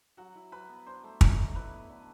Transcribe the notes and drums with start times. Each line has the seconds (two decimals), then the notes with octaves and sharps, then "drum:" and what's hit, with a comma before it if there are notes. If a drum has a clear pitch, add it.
0.17 F#3 F#4 F#5
0.35 E4
0.52 F#3 B4 B5
0.69 B3
0.86 D4 C5 C6
1.04 A3
1.21 B2, drum: kick
1.38 F#3
1.55 E4 B4 B5
1.72 B3
1.90 D3